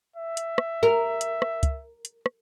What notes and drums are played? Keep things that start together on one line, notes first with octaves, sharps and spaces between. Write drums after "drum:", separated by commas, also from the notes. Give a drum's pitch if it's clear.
E5
drum: hi-hat
drum: rim click
A#4
drum: hi-hat
drum: rim click
drum: kick, hi-hat
drum: hi-hat
drum: rim click